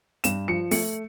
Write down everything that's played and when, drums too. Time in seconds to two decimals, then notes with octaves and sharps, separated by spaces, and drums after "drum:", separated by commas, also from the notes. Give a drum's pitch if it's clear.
0.24 G2 E7, drum: hi-hat
0.48 F3 C#7
0.71 A3 C#7, drum: open hi-hat